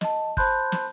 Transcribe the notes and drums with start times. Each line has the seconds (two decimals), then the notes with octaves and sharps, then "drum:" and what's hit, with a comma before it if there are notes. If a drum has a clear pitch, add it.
0.01 D#5 A5, drum: snare
0.37 C5 A5 B5 C6 F#6 G6, drum: kick
0.72 drum: snare